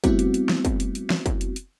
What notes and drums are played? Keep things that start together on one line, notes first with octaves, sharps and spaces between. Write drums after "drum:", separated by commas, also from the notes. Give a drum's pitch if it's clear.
G3 A3 B3 C4 E4 F#4, drum: kick, hi-hat
drum: hi-hat
drum: hi-hat
drum: snare
drum: kick, hi-hat
drum: hi-hat
drum: hi-hat
drum: snare
drum: kick, hi-hat
drum: hi-hat
drum: hi-hat